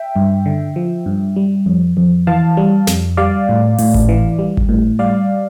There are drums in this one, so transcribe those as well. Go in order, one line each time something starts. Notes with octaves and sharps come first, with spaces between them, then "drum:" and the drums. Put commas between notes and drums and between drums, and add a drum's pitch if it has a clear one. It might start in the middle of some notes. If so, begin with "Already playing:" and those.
Already playing: E5 G5
G2
D3
F3
G2
G3
F2
F2
E3 F5 A5
G3
F2, drum: snare
G3 D5 F5
A2
A2, drum: open hi-hat
drum: kick G#1
E3
G3
drum: kick G#1
A2
G3 D5 F5